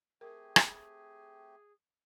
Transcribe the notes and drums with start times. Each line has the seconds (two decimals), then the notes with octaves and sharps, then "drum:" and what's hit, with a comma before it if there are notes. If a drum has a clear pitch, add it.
0.21 A3 C4 G4 G#4 A#4
0.56 drum: rim click